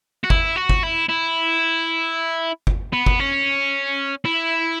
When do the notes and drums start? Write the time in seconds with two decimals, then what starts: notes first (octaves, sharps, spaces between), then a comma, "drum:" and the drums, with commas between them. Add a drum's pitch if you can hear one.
0.24 F#4
0.30 E4, drum: kick G1
0.56 F#4
0.69 drum: kick G1
0.83 E4
1.09 E4
2.67 drum: kick G1
2.93 B3
3.06 drum: kick G1
3.20 C#4
4.25 E4